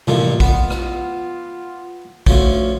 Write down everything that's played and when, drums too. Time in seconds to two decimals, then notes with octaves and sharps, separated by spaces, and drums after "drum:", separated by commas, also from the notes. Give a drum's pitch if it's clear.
0.07 A1 A#2 F3, drum: tom C3
0.40 B3 F4, drum: kick
0.70 drum: rim click
2.26 D2 F3 C#4, drum: kick